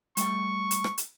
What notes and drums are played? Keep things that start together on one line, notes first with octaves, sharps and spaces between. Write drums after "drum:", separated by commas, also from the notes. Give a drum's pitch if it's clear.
G3 A3 G5 C#6, drum: hi-hat
drum: hi-hat
drum: rim click
drum: hi-hat